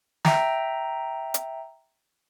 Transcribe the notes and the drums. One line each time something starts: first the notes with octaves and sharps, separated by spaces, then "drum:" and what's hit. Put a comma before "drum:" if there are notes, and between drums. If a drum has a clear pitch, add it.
E5 G5 A#5, drum: snare
drum: hi-hat